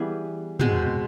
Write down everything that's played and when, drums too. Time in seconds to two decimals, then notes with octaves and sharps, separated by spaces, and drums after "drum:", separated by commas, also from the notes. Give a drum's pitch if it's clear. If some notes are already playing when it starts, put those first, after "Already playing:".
Already playing: E3 G3 B3 G#4
0.59 B2 G#3 C4, drum: tom